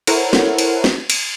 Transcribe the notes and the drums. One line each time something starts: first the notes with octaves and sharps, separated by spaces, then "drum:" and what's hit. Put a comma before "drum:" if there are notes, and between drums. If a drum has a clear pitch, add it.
E4 A4 A#4 C5 C#5 F#5, drum: cymbal
drum: snare
drum: cymbal
drum: snare
drum: cymbal